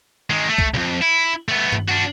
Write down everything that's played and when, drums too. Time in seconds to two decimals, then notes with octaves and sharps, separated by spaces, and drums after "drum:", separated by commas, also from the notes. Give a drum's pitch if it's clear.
0.30 D#3 G#3
0.49 A3
0.58 drum: kick
0.74 C2 F2
1.01 E4
1.49 A3 B3
1.72 drum: tom G2
1.89 D4 F#4